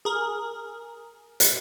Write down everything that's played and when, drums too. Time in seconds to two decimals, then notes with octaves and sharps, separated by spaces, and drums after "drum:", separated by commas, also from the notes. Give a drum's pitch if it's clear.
0.05 G#4 A#4
1.40 drum: hi-hat